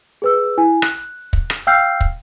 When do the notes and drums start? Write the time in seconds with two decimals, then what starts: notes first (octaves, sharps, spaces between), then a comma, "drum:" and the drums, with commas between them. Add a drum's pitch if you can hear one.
0.22 G#4 B4 E6
0.58 E4 G#5
0.82 F#6, drum: rim click
1.33 drum: kick
1.50 drum: rim click
1.67 F5 G5 E6 F6 G6 C7
2.01 drum: kick